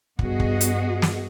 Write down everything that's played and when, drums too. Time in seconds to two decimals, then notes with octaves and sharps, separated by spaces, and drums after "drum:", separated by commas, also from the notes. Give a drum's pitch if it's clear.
0.19 G2 B3 F#4 G#4 D#5, drum: kick
0.40 drum: kick
0.61 drum: hi-hat
1.02 drum: snare